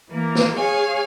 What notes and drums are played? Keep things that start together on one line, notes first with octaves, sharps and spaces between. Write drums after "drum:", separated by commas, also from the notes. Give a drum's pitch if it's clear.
E3 A#3
drum: snare
G#4 C#5 F5 G#5